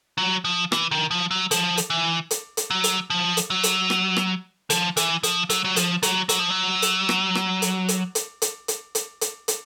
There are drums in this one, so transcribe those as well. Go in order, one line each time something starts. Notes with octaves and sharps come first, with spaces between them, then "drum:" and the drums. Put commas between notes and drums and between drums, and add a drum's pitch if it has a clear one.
F#3
F3
E3, drum: rim click
D#3
F3
F#3
F3, drum: hi-hat
drum: hi-hat
E3
drum: hi-hat
drum: hi-hat
F#3
drum: hi-hat
F3
drum: hi-hat
F#3
drum: hi-hat
drum: rim click
drum: rim click
F3, drum: hi-hat
E3, drum: hi-hat
F3, drum: hi-hat
F#3, drum: hi-hat
F#3
F3, drum: hi-hat
F#3, drum: hi-hat
F#3, drum: hi-hat
F3
F#3
drum: hi-hat
drum: rim click
drum: rim click
drum: hi-hat
drum: hi-hat
drum: hi-hat
drum: hi-hat
drum: hi-hat
drum: hi-hat
drum: hi-hat
drum: hi-hat